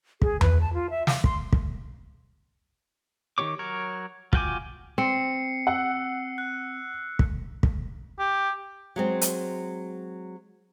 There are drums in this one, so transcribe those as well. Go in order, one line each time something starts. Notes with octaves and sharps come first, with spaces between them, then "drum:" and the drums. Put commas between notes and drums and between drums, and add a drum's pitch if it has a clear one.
G#4, drum: kick
B4, drum: tom E2
A5
F4
E5
F5, drum: snare
C6, drum: kick
drum: kick
D#3 C#4 G4 C#5 D6
F#3 A#4 C#5
F4 F#4 G5 G#5 D6, drum: kick
C4 C7 C#7
F#5 E6
F#6
drum: kick
drum: kick
G4
F#3 G#3 C4
drum: hi-hat